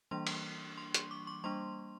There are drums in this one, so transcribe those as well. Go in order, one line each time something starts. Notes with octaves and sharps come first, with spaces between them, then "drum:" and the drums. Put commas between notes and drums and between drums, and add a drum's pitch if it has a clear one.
E3 G3 A#3 D4 C6
drum: cymbal
C6
C#6, drum: hi-hat
D6
C#6
G3 A#3 D4 C6